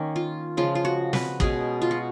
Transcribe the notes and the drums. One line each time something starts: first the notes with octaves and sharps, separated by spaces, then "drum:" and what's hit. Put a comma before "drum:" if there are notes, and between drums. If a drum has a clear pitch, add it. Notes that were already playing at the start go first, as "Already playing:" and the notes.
Already playing: D#3 A#3 C#4
F4
C#3 F3 G#3 F4
F4
F#4
B4, drum: snare
B2 G#3 C#4 G#4, drum: kick
F4
F#4